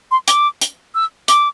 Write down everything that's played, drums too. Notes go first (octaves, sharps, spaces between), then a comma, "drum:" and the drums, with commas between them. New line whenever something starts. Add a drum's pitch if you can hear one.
C6
D6, drum: hi-hat
drum: hi-hat
E6
D6, drum: hi-hat